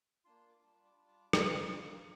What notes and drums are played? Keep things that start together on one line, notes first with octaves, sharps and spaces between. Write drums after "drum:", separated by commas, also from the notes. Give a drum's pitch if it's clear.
A#3 D4 F4 C6
C6
D6
G3 D4 F4 D6
D6
G3 D4 F4
D6
A#3 D4 F4 C6, drum: rim click
A#3 F4 A#5